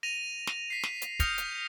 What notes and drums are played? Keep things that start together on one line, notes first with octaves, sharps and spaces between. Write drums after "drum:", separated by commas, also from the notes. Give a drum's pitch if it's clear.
A#6 D#7 F7
drum: snare
B6 C7
drum: snare
drum: hi-hat
D#6 F6 G6 A#6 C#7 F7, drum: kick, hi-hat
drum: hi-hat